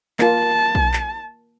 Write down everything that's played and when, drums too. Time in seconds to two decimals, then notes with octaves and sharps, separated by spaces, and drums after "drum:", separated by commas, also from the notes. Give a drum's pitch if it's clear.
0.19 A#3 F4 A5, drum: clap
0.75 drum: kick B1
0.93 drum: clap